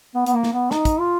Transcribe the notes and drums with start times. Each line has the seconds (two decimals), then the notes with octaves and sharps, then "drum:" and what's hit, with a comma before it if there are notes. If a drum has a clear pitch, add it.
0.15 B3
0.26 B3, drum: hi-hat
0.34 A#3
0.43 drum: snare
0.53 B3
0.71 D#4, drum: snare
0.85 drum: kick, hi-hat
0.99 F4